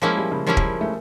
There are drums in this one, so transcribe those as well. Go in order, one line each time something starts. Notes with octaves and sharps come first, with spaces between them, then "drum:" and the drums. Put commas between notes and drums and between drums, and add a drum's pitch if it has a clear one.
F3 G#3 A#3 C#4 E4
G3
C#3
F3 G3 A#3 C#4 E4
drum: kick
A3